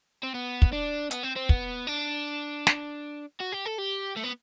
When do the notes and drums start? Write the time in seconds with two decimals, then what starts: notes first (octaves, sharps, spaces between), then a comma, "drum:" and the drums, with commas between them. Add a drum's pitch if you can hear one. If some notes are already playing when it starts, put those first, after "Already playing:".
0.23 C4
0.34 B3
0.62 drum: kick
0.72 D4
1.11 B3, drum: hi-hat
1.23 C4
1.36 C4
1.49 B3, drum: kick
1.87 D4
2.67 drum: snare
3.41 F#4
3.53 G4
3.66 A4
3.78 G4
4.17 A3
4.24 B3